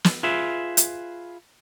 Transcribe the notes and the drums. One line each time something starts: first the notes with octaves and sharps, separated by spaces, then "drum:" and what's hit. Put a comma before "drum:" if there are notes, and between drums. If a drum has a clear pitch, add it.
drum: snare
F4 G#4 B4 E5
drum: hi-hat